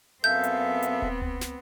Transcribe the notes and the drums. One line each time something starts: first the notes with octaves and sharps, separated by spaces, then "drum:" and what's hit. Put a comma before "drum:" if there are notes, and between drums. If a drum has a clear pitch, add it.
F#2 B3 C4 A4 E5 F5 G6
drum: hi-hat
drum: hi-hat
drum: kick D#1
drum: tom C#2
drum: snare